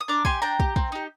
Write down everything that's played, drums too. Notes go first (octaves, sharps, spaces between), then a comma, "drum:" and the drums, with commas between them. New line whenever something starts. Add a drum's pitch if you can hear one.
D#6
D4 A#5 D6
G4 G#5 C6, drum: kick
D4 G5 A#5
G4, drum: kick
C4, drum: kick
D#4 G4